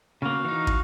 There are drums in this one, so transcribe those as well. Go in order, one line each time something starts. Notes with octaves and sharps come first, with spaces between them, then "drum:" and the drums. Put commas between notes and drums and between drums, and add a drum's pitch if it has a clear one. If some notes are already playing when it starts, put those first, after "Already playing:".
C#3 A#3 F#4 F5
E3 D#4
drum: kick